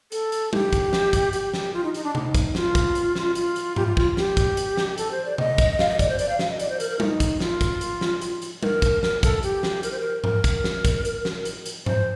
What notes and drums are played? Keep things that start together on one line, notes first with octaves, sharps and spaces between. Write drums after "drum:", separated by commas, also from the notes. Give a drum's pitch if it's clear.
A4, drum: hi-hat
drum: hi-hat
G4, drum: tom G3
drum: kick, hi-hat
drum: snare
drum: kick, hi-hat
G4, drum: hi-hat
drum: snare
F4
D#4
D#4, drum: hi-hat
D4
D#4, drum: tom C3
drum: kick, hi-hat
F4, drum: snare
drum: kick, hi-hat
drum: hi-hat
drum: snare
F4, drum: hi-hat
drum: hi-hat
G4, drum: tom G#2
F4
F4, drum: kick
G4, drum: snare
drum: kick, hi-hat
drum: hi-hat
drum: snare
A4, drum: hi-hat
C5
D5
D#5, drum: tom C3
drum: kick, hi-hat
F5, drum: snare
D#5
D5, drum: kick, hi-hat
C5
D5, drum: hi-hat
F5
F5, drum: snare
D#5
D5, drum: hi-hat
C5
A#4, drum: hi-hat
A#4
D#4, drum: tom G3
drum: kick, hi-hat
F4, drum: snare
drum: kick, hi-hat
drum: hi-hat
drum: snare
drum: hi-hat
drum: hi-hat
A#4, drum: tom G3
drum: kick, hi-hat
A#4, drum: snare
A4, drum: kick, hi-hat
G4, drum: hi-hat
drum: snare
A#4, drum: hi-hat
C5
A#4
A#4, drum: tom G#2
drum: kick, hi-hat
drum: snare
drum: kick, hi-hat
drum: hi-hat
drum: snare
drum: hi-hat
drum: hi-hat
C5, drum: tom G#2